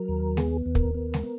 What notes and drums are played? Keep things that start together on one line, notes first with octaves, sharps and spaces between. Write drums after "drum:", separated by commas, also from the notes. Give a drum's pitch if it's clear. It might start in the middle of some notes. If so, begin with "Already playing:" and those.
Already playing: F#3 A#4
D#2
B3 G#4, drum: snare G#3
D#2
A#4, drum: kick
B3
drum: snare G#3
B3